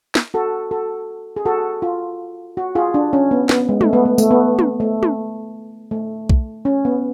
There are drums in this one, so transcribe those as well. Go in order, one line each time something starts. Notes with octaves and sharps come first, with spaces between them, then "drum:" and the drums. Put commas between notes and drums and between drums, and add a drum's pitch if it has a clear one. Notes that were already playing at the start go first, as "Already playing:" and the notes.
drum: snare
F#4 A4
F#4 A4
G#4
F#4 A4
F4
F#4
F4 G#4
D4
C#4
B3
B3, drum: snare
G#3
A3, drum: tom
B3
A3
A3, drum: tambourine
B3
drum: tom
A3
drum: tom
A3
drum: kick B1
C#4
B3